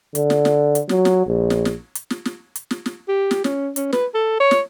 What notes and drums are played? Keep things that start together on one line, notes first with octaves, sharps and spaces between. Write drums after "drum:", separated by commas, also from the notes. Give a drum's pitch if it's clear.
D3, drum: hi-hat
drum: snare
drum: snare
drum: hi-hat
F#3, drum: snare
drum: snare
A#1
drum: snare
drum: snare
drum: hi-hat
drum: snare
drum: snare
drum: hi-hat
drum: snare
drum: snare
G4
drum: snare
C#4, drum: snare
C#4, drum: hi-hat
B4, drum: snare
A4
C#5
drum: snare